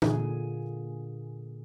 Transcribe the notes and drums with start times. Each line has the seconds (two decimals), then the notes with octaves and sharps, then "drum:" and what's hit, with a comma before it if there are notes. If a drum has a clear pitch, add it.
0.02 A#2 D3 G#4, drum: tom